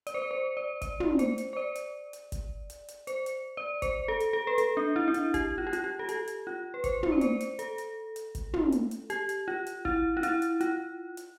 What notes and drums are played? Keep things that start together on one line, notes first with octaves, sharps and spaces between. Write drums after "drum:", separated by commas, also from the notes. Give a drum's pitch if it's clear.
D5, drum: hi-hat
C5
D5
C5
D5
D5, drum: kick G1, hi-hat
drum: tom
C5, drum: hi-hat
drum: hi-hat
C5
D5
drum: hi-hat
drum: hi-hat
drum: kick G1, hi-hat
drum: hi-hat
drum: hi-hat
C5, drum: hi-hat
drum: hi-hat
D5
C5, drum: kick G1, hi-hat
A4
drum: hi-hat
A4
B4
A4, drum: hi-hat
D4
E4
D4
E4, drum: hi-hat
G4, drum: kick G1, hi-hat
F4
G4
F4, drum: hi-hat
G4
A4
G4, drum: hi-hat
drum: hi-hat
F4
B4
C5, drum: kick G1, hi-hat
drum: tom
D5
C5, drum: hi-hat
drum: hi-hat
A4, drum: hi-hat
drum: hi-hat
drum: hi-hat
drum: kick G1, hi-hat
drum: tom
drum: hi-hat
drum: hi-hat
G4, drum: hi-hat
drum: hi-hat
F4
drum: hi-hat
E4, drum: kick G1
F4
E4, drum: hi-hat
drum: hi-hat
F4, drum: hi-hat
drum: hi-hat